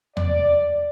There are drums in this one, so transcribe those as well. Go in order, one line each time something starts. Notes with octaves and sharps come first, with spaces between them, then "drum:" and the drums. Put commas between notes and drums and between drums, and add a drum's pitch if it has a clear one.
D5, drum: tom E2